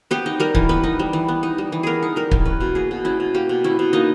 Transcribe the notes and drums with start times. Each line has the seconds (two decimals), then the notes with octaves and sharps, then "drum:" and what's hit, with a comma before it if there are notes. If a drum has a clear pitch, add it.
0.11 B3 G4
0.26 D#4
0.40 G3 A#4
0.55 E3, drum: kick
0.69 B3 B4
0.84 D#4
0.99 G3
1.13 E3
1.28 B3
1.43 D#4
1.58 G3
1.72 E3
1.83 B3 G#4 A#4
2.03 D#4
2.16 G3 A#4
2.31 E3, drum: kick
2.45 C#4 B4
2.60 B2
2.75 A#3 G#4
2.91 B2
3.05 C#4 E4
3.20 B2
3.34 A#3 G4
3.49 B2
3.64 C#4 E4
3.79 B2
3.93 A#3 D#4